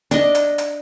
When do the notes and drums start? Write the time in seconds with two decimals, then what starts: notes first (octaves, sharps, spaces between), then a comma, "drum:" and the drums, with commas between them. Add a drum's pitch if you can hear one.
0.11 D4 D#5, drum: hi-hat
0.35 drum: hi-hat
0.58 drum: hi-hat